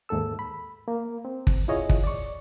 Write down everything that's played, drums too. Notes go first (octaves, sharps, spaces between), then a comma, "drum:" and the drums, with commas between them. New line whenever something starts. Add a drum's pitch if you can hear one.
D#2 G#2 A#3 A4 E6
B5
A#3
C4
drum: kick
E4 F4 G#4 C#5 D#5
drum: kick
D5 C#6